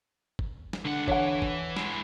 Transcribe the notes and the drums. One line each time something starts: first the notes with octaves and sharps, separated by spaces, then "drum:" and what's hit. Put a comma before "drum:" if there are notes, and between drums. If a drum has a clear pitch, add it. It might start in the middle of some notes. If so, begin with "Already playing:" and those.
drum: kick
drum: snare
C#2 D3 F#5
E3 C#5 F#5, drum: kick
drum: kick
G#3 E4, drum: snare